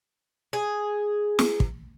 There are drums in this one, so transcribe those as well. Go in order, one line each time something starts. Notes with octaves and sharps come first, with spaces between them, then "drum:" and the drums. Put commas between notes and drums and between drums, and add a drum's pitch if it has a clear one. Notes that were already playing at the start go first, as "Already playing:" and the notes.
G#4
drum: snare
drum: kick